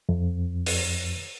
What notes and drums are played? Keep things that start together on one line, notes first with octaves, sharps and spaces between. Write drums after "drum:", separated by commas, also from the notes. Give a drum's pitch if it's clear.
F2
drum: open hi-hat